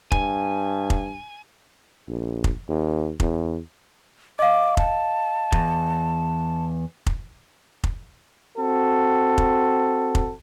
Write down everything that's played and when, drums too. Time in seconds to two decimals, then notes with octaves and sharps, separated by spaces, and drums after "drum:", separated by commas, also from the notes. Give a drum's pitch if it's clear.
0.12 G2 G#5, drum: kick F1
0.90 drum: kick F1
2.08 A#1
2.44 drum: kick F1
2.69 D#2
3.20 E2, drum: kick F1
4.39 D#5 F5 D6
4.77 A5, drum: kick F1
5.52 E2, drum: kick F1
7.06 drum: kick F1
7.84 drum: kick F1
8.57 C4 F#4 A4
9.38 drum: kick F1
10.15 drum: kick F1